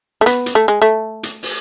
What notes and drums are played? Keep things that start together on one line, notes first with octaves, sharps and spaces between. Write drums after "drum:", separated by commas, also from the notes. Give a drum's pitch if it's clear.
A3
B3, drum: hi-hat
drum: hi-hat
A3
G#3
A3
drum: hi-hat
drum: open hi-hat